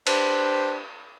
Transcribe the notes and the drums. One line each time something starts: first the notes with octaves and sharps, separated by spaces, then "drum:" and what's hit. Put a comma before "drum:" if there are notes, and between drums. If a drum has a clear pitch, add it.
D4 G4 B4 C5, drum: cymbal